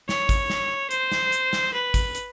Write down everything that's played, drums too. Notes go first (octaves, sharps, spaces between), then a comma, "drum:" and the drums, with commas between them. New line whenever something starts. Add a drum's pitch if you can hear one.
C#5, drum: snare
drum: kick G#1, hi-hat
drum: snare
C5, drum: hi-hat
drum: snare
drum: hi-hat
drum: snare
B4
drum: kick G#1, hi-hat
drum: hi-hat